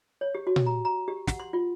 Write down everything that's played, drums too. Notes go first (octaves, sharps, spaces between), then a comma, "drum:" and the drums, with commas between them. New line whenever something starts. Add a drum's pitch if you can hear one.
C#5
G4
F#4
drum: tom A#2
A#5
A#5
G4
F#5, drum: snare
C6
F4